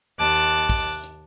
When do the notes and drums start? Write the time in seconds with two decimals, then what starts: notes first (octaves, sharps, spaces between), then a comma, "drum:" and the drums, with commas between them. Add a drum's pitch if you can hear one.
0.18 D#2 A5 D6 F#6
0.35 drum: hi-hat
0.70 drum: kick, open hi-hat
1.04 drum: hi-hat